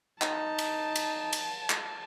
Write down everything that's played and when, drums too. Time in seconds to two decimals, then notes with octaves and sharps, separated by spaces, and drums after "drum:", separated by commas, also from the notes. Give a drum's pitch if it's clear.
0.21 D#4 A5, drum: clap
0.59 drum: cymbal
0.96 drum: cymbal
1.33 drum: cymbal
1.70 drum: clap